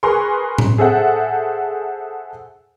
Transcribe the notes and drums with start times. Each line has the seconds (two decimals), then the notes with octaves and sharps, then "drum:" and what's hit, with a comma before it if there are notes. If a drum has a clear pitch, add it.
0.03 G#4 A#4 B4 G#5 C6 C#6
0.58 drum: tom A2
0.78 G#4 A4 C5 E5 F#5